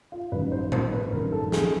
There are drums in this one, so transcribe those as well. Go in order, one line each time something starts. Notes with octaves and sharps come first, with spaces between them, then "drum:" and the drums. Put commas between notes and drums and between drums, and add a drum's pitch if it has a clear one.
F4
A1 G2 D#3 F#3 B4
C5
C5, drum: tom A2
B4
A1 G2 D#3 F#3 A#4
A4
G#4, drum: snare